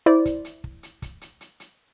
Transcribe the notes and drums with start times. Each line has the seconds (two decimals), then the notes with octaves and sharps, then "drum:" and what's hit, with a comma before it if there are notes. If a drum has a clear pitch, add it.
0.06 E4 C5 D5
0.25 drum: kick, hi-hat
0.45 drum: hi-hat
0.64 drum: kick
0.83 drum: hi-hat
1.02 drum: kick, hi-hat
1.21 drum: hi-hat
1.41 drum: hi-hat
1.60 drum: hi-hat